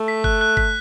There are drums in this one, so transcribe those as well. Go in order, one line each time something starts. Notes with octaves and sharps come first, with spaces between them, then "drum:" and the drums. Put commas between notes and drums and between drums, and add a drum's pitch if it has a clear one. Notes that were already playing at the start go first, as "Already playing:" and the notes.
Already playing: A3
B6
F#6, drum: kick G1
F#6
B6, drum: kick G1